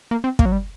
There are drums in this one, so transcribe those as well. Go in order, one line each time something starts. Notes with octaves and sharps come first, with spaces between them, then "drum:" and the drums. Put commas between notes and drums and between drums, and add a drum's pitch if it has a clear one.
A#3
C4
A#3, drum: kick
F#3
G3